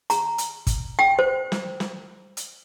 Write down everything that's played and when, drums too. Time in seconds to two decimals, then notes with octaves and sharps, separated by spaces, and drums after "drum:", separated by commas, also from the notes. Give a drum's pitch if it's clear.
0.10 A#5, drum: hi-hat
0.38 drum: hi-hat
0.67 drum: kick, hi-hat
0.99 G5
1.19 C5
1.52 drum: snare
1.80 drum: snare
2.37 drum: hi-hat